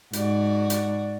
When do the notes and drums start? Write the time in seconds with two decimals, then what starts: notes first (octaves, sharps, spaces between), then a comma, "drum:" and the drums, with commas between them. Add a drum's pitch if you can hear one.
0.13 G#2 F#4 D5, drum: hi-hat
0.70 drum: hi-hat